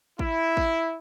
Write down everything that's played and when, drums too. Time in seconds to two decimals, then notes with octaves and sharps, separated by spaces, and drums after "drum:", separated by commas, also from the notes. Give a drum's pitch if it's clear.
0.19 E4, drum: kick
0.57 drum: kick